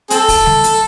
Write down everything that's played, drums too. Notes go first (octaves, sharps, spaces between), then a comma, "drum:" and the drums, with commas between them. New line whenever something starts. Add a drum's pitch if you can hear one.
C4 A4, drum: hi-hat
drum: kick, open hi-hat
drum: snare G3
drum: hi-hat